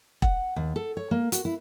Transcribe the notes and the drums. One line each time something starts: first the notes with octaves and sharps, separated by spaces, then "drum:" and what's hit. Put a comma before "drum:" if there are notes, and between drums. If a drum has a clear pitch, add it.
F#5, drum: kick E1
D#2
A4
C#5
A#3
F#4, drum: hi-hat
E4